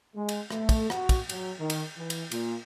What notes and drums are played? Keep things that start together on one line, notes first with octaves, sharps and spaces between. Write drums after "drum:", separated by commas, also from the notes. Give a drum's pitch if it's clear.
G#3
drum: cymbal
A3, drum: rim click
drum: kick, cymbal
F#4, drum: rim click
drum: kick, cymbal
F#3, drum: cymbal
D#3
drum: cymbal
E3
drum: cymbal
A#2, drum: cymbal